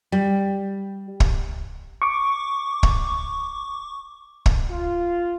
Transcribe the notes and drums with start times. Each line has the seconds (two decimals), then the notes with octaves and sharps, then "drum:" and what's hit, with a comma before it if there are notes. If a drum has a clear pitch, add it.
0.12 G3
1.20 drum: kick
2.02 C#6 D6
2.83 drum: kick
4.46 drum: kick
4.69 F4